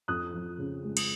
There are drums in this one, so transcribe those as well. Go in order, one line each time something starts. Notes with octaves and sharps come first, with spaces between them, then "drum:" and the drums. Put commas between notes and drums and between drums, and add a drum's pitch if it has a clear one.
F2 D#6 F#6
F3
C#3
G#3
D#6, drum: cymbal